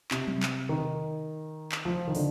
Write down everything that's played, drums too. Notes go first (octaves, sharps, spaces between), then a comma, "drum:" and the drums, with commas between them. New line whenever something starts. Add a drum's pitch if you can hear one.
C3, drum: clap
drum: tom F#3
drum: clap
D#3
drum: clap
F3
D#3
D3, drum: open hi-hat